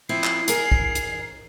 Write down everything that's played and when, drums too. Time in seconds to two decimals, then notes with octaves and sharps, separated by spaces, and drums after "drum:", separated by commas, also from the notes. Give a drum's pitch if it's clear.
0.09 F3 C4 E4 C7
0.24 drum: clap
0.48 G#4 A#4, drum: hi-hat
0.72 drum: kick
0.95 drum: hi-hat